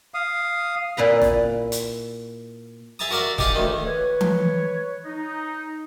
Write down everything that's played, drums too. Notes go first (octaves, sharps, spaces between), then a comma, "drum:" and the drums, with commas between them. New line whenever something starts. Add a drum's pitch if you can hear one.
F5 D#6
A#2 E4 B4 A#5
drum: snare
drum: hi-hat
G#4 E5 A5 A#5 D#6
F#4 A#4 D5 E5 F5
D#4 G4 G#4 D5 F5 F#5, drum: kick
D2 D#3
B4 C#5
drum: tom E3
D#4